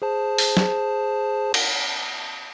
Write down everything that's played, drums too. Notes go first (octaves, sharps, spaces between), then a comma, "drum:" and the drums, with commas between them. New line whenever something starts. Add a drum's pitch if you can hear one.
G#4 C5 A5
drum: open hi-hat
drum: snare
drum: cymbal